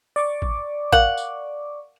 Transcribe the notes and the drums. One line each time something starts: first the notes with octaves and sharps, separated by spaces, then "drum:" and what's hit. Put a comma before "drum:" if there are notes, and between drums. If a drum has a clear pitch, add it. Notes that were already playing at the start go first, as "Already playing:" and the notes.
D5 C#6 D6
drum: kick
A#4 F5 F#5, drum: kick
drum: tambourine